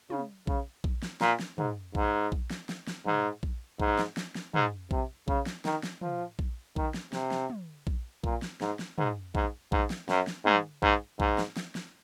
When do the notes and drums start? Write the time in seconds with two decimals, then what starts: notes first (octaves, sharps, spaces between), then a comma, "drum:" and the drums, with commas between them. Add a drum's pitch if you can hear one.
0.10 C#3, drum: tom
0.47 C#3, drum: kick A#1
0.84 drum: kick A#1
1.03 drum: snare
1.21 A#2, drum: snare
1.40 drum: snare
1.58 G#2, drum: tom
1.95 G#2, drum: kick A#1
2.32 drum: kick A#1
2.50 drum: snare
2.69 drum: snare
2.87 drum: snare
3.06 G#2, drum: tom
3.43 drum: kick A#1
3.80 G#2, drum: kick A#1
3.98 drum: snare
4.17 drum: snare
4.35 drum: snare
4.54 G#2, drum: tom
4.91 C3, drum: kick A#1
5.28 C#3, drum: kick A#1
5.46 drum: snare
5.65 D#3, drum: snare
5.83 drum: snare
6.01 F3, drum: tom
6.39 drum: kick A#1
6.76 D#3, drum: kick A#1
6.94 drum: snare
7.13 C3, drum: snare
7.31 drum: snare
7.50 drum: tom
7.87 drum: kick A#1
8.24 A#2, drum: kick A#1
8.42 drum: snare
8.61 G#2, drum: snare
8.79 drum: snare
8.98 G#2, drum: tom
9.35 G#2, drum: kick A#1
9.72 G#2, drum: kick A#1
9.90 drum: snare
10.09 F#2, drum: snare
10.27 drum: snare
10.45 G#2, drum: tom
10.82 G#2, drum: kick A#1
11.20 G#2, drum: kick A#1
11.38 drum: snare
11.57 drum: snare
11.75 drum: snare